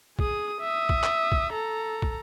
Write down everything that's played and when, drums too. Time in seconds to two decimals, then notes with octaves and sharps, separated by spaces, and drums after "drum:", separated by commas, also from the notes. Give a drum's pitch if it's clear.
0.19 G#4 D#6, drum: kick
0.61 E5 D#6
0.89 drum: kick
1.03 drum: clap
1.32 drum: kick
1.53 A4 A#5
2.02 drum: kick